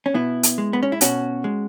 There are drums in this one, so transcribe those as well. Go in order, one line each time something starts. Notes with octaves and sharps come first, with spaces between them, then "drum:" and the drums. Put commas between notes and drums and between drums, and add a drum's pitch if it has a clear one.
C#4
B2 B3 E4
drum: hi-hat
G#3
B3
C#4
E4
B2 C#4 F#4, drum: hi-hat
G#3